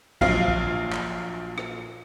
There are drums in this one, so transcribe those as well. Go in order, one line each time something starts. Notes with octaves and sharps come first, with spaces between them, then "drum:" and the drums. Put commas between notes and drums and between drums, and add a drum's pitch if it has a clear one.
A#1 F#3 F4 F5 C7, drum: kick
drum: kick
drum: clap
drum: rim click